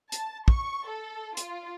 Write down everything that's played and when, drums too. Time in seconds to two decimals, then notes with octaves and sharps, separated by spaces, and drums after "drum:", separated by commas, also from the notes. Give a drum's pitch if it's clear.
0.12 A5, drum: hi-hat
0.48 C#6, drum: kick
0.87 A4
1.37 F4, drum: hi-hat